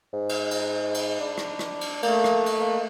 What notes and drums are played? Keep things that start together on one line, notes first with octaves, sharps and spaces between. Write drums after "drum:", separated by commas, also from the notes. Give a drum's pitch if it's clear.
G#2
drum: cymbal
drum: cymbal
drum: cymbal
D4
drum: rim click
drum: rim click
drum: cymbal
A3 A#3, drum: cymbal
drum: rim click
drum: cymbal
A#3